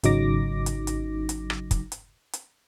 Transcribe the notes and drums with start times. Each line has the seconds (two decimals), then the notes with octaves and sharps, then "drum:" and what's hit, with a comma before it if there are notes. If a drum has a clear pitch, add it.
0.04 G#1 C#3 F#3 D#4 D6 A#6, drum: hi-hat
0.66 drum: hi-hat
0.87 drum: hi-hat
1.29 drum: hi-hat
1.50 drum: rim click
1.71 drum: kick, hi-hat
1.92 drum: hi-hat
2.33 drum: hi-hat